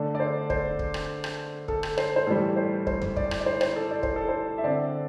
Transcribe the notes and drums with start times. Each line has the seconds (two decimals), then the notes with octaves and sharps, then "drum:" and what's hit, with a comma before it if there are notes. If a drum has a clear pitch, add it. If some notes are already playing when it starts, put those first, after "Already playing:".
Already playing: D3 A3 D4 A4
0.15 D5
0.20 C5
0.50 C5, drum: kick
0.79 drum: kick
0.94 drum: rim click
1.24 drum: rim click
1.68 A4, drum: kick
1.83 drum: rim click
1.98 C5, drum: rim click
2.16 C5
2.27 A2 E3 G3 A4
2.56 C5
2.87 C5, drum: kick
3.02 drum: tom E2
3.16 D5, drum: kick
3.31 drum: rim click
3.40 D5
3.46 C5
3.61 C5, drum: rim click
3.76 A4
3.91 D5
4.03 C5, drum: kick
4.16 A4
4.29 C5
4.58 E5
4.64 D3 C4 D5